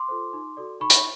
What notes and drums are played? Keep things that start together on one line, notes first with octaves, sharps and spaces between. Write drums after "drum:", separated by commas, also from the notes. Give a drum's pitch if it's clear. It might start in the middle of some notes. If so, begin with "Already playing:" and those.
Already playing: C6 D6
F4 A4 C5
D#4
F#4 A4 D5
D#4 B5 C#6
drum: hi-hat